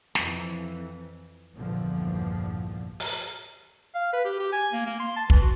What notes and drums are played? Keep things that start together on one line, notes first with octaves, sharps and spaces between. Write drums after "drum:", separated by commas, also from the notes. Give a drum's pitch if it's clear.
F2 E3, drum: snare
A#1 E2 G2 D3 F3
drum: open hi-hat
F5
B4
G4
G4
G#5
A#3
A#3
C6
A5
E3, drum: kick
F#4